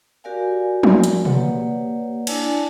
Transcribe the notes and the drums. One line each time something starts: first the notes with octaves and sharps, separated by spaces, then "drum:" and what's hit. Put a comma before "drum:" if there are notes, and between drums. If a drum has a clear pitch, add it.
F#4 G4 A#4 D5 F5 G#5
drum: tom F3
drum: hi-hat
A#3 G4 B4 C#5 D5 F#5, drum: tom B2
D4 E4 D5 G#5 A5, drum: cymbal